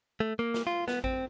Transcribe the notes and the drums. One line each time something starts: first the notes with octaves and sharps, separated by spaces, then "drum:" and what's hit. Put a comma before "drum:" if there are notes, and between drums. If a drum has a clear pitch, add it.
A3
A#3
drum: snare
F4
B3, drum: snare
C4, drum: kick A1